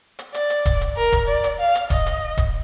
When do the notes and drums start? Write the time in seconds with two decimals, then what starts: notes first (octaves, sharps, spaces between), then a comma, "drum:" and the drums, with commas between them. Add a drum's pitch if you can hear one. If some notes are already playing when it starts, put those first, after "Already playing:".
0.19 drum: hi-hat
0.34 D5, drum: hi-hat
0.50 drum: hi-hat
0.66 drum: kick D#1, hi-hat
0.81 drum: hi-hat
0.97 A#4
1.12 drum: kick D#1, hi-hat
1.28 D5
1.44 drum: hi-hat
1.60 F5
1.75 drum: hi-hat
1.90 D#5, drum: kick D#1, hi-hat
2.06 drum: hi-hat
2.37 drum: kick D#1, hi-hat